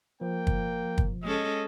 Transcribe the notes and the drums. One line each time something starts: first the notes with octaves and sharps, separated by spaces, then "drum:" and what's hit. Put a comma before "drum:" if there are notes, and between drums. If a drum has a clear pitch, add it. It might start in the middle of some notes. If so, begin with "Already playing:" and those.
F3 A#3 G5
drum: kick
drum: kick
G#3 C#4 A4 D#5